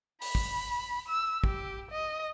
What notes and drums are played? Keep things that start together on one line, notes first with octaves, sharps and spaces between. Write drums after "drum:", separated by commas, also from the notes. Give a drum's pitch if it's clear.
B5, drum: open hi-hat
drum: kick
E6
G4, drum: kick
D#5